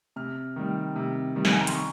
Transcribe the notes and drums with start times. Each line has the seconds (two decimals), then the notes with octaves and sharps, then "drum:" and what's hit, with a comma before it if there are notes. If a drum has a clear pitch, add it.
0.16 C3 F6
0.56 D#3 G3
0.96 C3
1.36 D#3 G3
1.45 G5, drum: snare
1.52 G#5
1.61 A#5
1.67 C6, drum: hi-hat
1.75 C#6